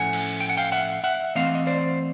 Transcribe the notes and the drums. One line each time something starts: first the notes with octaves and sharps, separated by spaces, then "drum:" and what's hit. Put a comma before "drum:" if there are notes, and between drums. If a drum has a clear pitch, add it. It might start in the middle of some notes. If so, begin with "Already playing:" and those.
Already playing: A2 F3 A3 C#4 F#5 G#5
drum: cymbal
G5
F#5
F5 G5
E5 F#5
E5 F#5
E3 A3 C4 D#5 F5
D#5
C5 D5